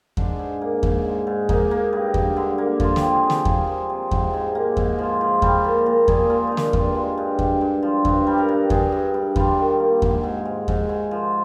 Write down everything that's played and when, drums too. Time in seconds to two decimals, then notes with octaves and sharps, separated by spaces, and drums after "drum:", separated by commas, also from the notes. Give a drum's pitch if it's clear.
0.17 G#2 D4, drum: kick E2
0.39 G#2
0.61 A#3
0.83 G#2, drum: kick E2
1.05 G#2
1.27 G#2
1.49 A#3 D#4, drum: kick E2
1.71 A#3
1.93 G2
2.14 G2, drum: kick E2
2.37 D3
2.58 A#3
2.80 F3 F4, drum: kick E2
2.96 G4, drum: snare
3.02 F3
3.13 G#4
3.23 C3
3.30 G4, drum: snare
3.45 C3 G#4, drum: kick E2
3.67 F3
3.90 C3
4.11 G#2, drum: kick E2
4.33 G#2
4.55 A#3
4.77 G#2, drum: kick E2
4.99 F3
5.21 F3
5.42 G3, drum: kick E2
5.64 A#2
5.86 A#2
6.08 A#3 G#4, drum: kick E2
6.30 A#3 F4
6.47 A#3 D4 D#4
6.57 drum: snare
6.73 G2 F4, drum: kick E2
6.95 G#3
7.18 G2
7.39 G2 G4, drum: kick E2
7.61 G2
7.82 F3
8.05 G2, drum: kick E2
8.27 G3
8.38 A#4
8.49 G2
8.70 G2 G#4, drum: kick E2
8.92 G2
9.14 G2
9.36 G3 F4, drum: kick E2
9.58 D#3
9.80 A#3
10.02 G#2, drum: kick E2
10.23 G#2
10.45 G#2
10.68 G#2, drum: kick E2
10.89 G#2
11.11 F3